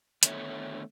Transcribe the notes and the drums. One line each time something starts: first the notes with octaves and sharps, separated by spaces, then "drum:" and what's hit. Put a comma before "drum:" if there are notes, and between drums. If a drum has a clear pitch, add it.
D3 D#3 A3 B3 C#5 E5, drum: hi-hat